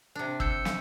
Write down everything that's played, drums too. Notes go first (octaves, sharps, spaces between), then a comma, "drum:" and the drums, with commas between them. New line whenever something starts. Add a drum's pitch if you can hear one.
C3 D4
E6 G6 C#7, drum: kick
drum: snare